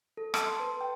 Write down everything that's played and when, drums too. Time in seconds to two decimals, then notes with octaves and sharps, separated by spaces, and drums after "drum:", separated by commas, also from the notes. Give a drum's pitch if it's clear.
0.17 A4
0.34 A5, drum: rim click
0.47 C6
0.60 B4
0.81 G5